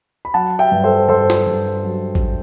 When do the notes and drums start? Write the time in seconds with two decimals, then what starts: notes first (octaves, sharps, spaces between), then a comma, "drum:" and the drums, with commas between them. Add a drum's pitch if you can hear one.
0.25 B5
0.34 F#3 F#5 A5
0.59 E5 G5
0.72 G2
0.84 A4 C5
1.09 G2 A4 C5
1.30 drum: snare
1.47 G2
1.84 F#3
2.15 drum: kick